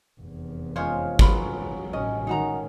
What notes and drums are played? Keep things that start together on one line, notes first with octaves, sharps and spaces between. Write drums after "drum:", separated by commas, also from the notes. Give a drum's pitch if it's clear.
F1 E2
G#3 C#4 F4 C5 C#5
F#3 F4 B4 B5, drum: kick
A1 C#4 D#5
D#3 G#3 D#4 F#4 A#5